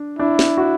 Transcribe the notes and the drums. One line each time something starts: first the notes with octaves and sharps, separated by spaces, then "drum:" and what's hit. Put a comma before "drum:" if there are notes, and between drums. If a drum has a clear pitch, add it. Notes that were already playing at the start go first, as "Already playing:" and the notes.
Already playing: D4
D4 E4
drum: snare
F#4